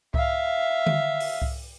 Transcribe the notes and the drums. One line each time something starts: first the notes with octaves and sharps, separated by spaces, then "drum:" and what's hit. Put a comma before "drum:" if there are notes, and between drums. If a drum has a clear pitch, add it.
E5 F5, drum: kick C2
drum: tom D3
drum: open hi-hat
drum: kick C2